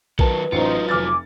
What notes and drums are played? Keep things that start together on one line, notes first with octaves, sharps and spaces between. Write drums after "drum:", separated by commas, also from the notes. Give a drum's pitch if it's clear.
D#3 F#3 A#4 B4 A5, drum: kick A#1
A1 F#3 C#4 D#4 F4 C5 C#7
F1 G#5 D6 F6 A6